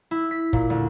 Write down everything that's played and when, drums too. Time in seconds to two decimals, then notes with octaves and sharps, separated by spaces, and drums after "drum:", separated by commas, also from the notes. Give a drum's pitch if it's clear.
0.11 E4
0.31 B6
0.53 A#2, drum: kick
0.70 D2